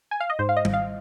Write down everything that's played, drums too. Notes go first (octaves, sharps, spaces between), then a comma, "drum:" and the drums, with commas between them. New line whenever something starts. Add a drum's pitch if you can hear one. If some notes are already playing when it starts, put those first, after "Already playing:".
G#5
F5
D#5
G#2 C5
F5
D#5
G#1, drum: tom G3
F5